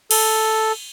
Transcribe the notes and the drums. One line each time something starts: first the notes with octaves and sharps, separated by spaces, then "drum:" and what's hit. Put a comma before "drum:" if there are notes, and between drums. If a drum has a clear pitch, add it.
A4, drum: cymbal